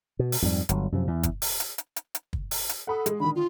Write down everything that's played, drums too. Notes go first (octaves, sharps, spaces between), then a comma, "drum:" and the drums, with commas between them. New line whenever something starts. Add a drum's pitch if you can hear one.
B2
drum: open hi-hat
F2 G#2 G3
G1 F#3, drum: hi-hat
F#2 C3 F3
E2
drum: kick, hi-hat
drum: open hi-hat
drum: hi-hat
drum: hi-hat
drum: hi-hat
drum: hi-hat
drum: kick
drum: open hi-hat
drum: hi-hat
A4 F#5 B5 D#6
G#3, drum: hi-hat
D3 D#3 B5
F4